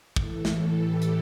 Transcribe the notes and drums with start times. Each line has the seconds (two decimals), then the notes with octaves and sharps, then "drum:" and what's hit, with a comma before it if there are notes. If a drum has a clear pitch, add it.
0.16 A2 E3 A4, drum: kick
0.45 A4, drum: snare
0.73 G4
1.02 drum: hi-hat